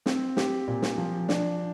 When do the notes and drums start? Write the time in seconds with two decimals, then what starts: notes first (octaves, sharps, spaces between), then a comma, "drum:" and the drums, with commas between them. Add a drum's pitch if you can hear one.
0.06 C4, drum: snare
0.37 G4, drum: snare
0.68 A#2
0.82 drum: snare
0.98 F3
1.29 D4, drum: snare